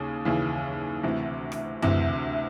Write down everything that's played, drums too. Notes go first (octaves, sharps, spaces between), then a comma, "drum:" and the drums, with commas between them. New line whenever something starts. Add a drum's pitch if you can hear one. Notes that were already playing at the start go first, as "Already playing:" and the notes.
Already playing: D#2 C#3
D#2 C#3 E3
D2 C3 E3
drum: rim click
D2 C3 E3, drum: tom F#2